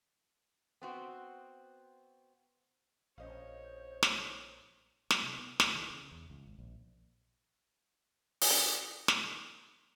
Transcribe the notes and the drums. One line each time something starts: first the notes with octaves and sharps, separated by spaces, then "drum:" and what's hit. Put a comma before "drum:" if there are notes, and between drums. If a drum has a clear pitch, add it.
B3 C4 F#4
A#1 C#4 C5 C#5 D#5 F5
drum: snare
F#3, drum: snare
C3
B3
C#2, drum: snare
E3
C#3
E2
C#2
G#1
A#1
drum: open hi-hat
C#4 D5
drum: snare